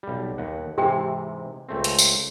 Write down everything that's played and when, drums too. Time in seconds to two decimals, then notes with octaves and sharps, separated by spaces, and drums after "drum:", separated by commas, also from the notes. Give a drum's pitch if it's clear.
0.03 B1 G3
0.38 D#2 F#5
0.78 G#2 C3 E3 G4 G5
1.69 C#2 A3 C4
1.84 drum: hi-hat
1.99 drum: tambourine